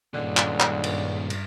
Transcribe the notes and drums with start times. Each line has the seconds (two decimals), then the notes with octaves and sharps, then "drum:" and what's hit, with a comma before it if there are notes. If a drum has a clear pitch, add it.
0.14 C#2 G2 A#2 D3 D#3
0.37 drum: clap
0.60 drum: clap
0.84 drum: cymbal
1.30 drum: cymbal